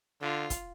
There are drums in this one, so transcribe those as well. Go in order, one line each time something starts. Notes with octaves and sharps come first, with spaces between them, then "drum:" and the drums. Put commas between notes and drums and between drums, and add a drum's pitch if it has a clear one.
D3 F4
drum: kick, hi-hat